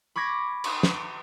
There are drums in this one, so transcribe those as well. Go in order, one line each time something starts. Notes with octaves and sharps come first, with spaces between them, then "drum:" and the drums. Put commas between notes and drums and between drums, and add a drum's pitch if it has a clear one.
B5 C#6 D6 G#6 A#6
drum: cymbal
drum: snare